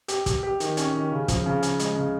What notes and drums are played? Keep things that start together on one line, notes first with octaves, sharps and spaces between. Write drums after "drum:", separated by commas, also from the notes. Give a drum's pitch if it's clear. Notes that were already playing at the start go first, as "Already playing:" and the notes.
G4, drum: hi-hat
G4, drum: kick, hi-hat
G4
D#3, drum: hi-hat
C#4, drum: hi-hat
D#3
C#3
F3, drum: kick, hi-hat
C#3
C#3, drum: hi-hat
G#3, drum: hi-hat
C#3